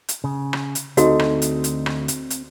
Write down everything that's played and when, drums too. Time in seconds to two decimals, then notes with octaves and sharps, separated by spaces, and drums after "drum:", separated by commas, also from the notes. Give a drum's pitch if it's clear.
0.09 drum: hi-hat
0.24 C#3
0.53 drum: rim click
0.75 drum: hi-hat
0.97 D2 C4 D#4 F#4 A4 D#5, drum: hi-hat
1.19 drum: rim click
1.42 drum: hi-hat
1.64 drum: hi-hat
1.86 drum: rim click
2.08 drum: hi-hat
2.30 drum: hi-hat